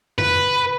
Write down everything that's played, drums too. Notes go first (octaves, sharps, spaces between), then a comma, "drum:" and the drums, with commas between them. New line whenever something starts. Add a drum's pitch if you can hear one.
B4, drum: tom F2